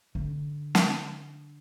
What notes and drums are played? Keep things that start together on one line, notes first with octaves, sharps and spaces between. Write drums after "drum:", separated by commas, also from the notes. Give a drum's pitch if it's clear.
D3
drum: snare